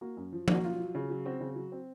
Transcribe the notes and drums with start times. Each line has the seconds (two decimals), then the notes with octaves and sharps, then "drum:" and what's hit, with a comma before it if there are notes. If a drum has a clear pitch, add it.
0.01 A#3 F#4
0.17 F#2
0.32 F3
0.48 A#3, drum: tom F3
0.53 F#4
0.64 F#3 F4
0.79 F#3
0.95 C#3
1.10 F#3
1.25 C4 F#4
1.40 C#3
1.56 F#3
1.72 C4